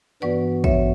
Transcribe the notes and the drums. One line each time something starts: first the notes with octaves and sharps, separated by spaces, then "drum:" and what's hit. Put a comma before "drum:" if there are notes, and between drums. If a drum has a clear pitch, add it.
G2 E3 B3 F#4 B4 D5
C#5 E5, drum: kick